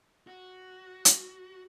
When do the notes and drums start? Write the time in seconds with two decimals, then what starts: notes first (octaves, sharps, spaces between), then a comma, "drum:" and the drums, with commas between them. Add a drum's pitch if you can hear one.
0.27 F#4
1.05 drum: hi-hat